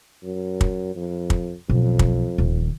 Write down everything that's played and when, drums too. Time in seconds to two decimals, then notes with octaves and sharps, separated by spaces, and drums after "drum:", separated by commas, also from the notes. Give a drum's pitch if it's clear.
0.23 F#2
0.61 drum: kick
0.95 F2
1.30 drum: kick
1.70 B1 F2
1.99 drum: kick
2.38 D#1 D#3